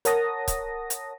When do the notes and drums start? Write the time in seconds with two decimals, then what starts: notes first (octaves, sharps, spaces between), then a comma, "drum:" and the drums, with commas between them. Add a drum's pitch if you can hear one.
0.05 A#4 C#5 F#5 A5 D#6 A#6, drum: hi-hat
0.48 drum: kick, hi-hat
0.90 drum: hi-hat